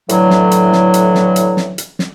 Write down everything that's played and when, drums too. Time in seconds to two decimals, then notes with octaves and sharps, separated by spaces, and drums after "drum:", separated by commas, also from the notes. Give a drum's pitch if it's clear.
0.09 A2 D3 E3 F#3, drum: hi-hat
0.30 drum: snare
0.51 drum: hi-hat
0.73 drum: snare
0.94 drum: hi-hat
1.15 drum: snare
1.36 drum: hi-hat
1.57 drum: snare
1.78 drum: hi-hat
1.99 drum: snare